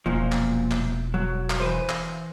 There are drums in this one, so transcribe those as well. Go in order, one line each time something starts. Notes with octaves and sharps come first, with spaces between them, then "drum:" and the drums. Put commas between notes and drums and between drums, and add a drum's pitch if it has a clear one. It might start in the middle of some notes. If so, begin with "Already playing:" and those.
E1 F#2 A#2 F3
drum: clap
drum: clap
F#3
drum: clap
E3 B4 C5
drum: clap